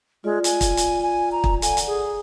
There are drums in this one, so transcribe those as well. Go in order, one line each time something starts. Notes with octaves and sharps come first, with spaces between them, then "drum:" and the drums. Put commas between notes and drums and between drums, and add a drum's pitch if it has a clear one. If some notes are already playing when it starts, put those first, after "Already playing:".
G#3 F4 D5
G#5, drum: hi-hat
drum: kick, hi-hat
drum: hi-hat
G#5
A#5
drum: kick
A4 D5 F#5 G#5, drum: hi-hat
drum: hi-hat
G#4